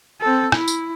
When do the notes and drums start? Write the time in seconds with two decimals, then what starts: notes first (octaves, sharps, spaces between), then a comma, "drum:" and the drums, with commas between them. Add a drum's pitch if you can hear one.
0.21 C4 A4
0.52 E4, drum: rim click
0.68 drum: tambourine